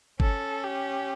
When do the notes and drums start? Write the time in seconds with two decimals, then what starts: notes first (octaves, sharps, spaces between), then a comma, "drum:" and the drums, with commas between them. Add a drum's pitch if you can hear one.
0.20 C#4 A4, drum: kick G1
0.64 G4